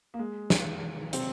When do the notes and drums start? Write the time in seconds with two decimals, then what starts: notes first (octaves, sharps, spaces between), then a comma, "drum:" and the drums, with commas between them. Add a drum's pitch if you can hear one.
0.14 A#3
0.19 G#3
0.50 drum: snare
1.13 C3 C4, drum: hi-hat